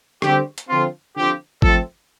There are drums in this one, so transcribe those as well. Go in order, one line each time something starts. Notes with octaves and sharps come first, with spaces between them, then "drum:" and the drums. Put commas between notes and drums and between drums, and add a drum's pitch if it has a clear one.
D3 G3 C4 G4, drum: rim click
drum: hi-hat
D3 F3 C4 F4
D3 F3 C4 G4
F3 A3 C4 A4, drum: kick G#1